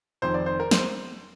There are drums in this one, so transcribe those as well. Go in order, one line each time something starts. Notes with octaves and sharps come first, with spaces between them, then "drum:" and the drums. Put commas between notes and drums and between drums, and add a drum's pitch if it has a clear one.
F1 F2 D#3 C5
D5
C5
A#4
C5, drum: snare